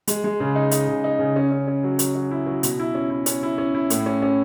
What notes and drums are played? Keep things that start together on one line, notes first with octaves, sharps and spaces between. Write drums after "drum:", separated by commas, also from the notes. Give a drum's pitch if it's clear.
G#3, drum: hi-hat
G#3
C#3
D#4
D#4, drum: hi-hat
C#3
D#4
C#3
C#4
C#4
C#4
F#3
F#3, drum: hi-hat
F#3
E4
F#3
B2, drum: hi-hat
E4
C#4
E4
C#4, drum: hi-hat
E4
C#4
E4
A2, drum: hi-hat
C#4
C#4